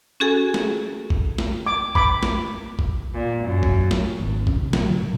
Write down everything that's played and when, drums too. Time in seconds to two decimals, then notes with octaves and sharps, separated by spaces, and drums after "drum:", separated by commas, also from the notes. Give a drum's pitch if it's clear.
0.20 C#4 F#4 G#4 A4 G#5
0.54 drum: snare
1.10 drum: kick
1.38 drum: snare
1.67 D6
1.95 B5 D6, drum: kick
2.23 drum: snare
2.79 drum: kick
3.14 A#2
3.45 F#2
3.63 drum: kick
3.91 drum: snare
4.20 G#1
4.47 C#4, drum: kick
4.60 C3
4.73 F#3, drum: snare
4.90 D3
5.02 A#2